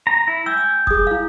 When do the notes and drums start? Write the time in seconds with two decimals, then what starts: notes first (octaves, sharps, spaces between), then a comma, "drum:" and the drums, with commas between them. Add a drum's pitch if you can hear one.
0.07 A#5
0.28 E4
0.46 G5 G#5 E6
0.87 G#4 D#6, drum: kick F1
1.07 E4 F5